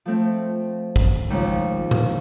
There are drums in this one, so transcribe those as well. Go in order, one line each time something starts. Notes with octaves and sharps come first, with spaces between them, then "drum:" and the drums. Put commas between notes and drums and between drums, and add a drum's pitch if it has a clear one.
F3 A3 C4
drum: kick
D#2 C#3 F3 G#3 C#4
drum: tom A#2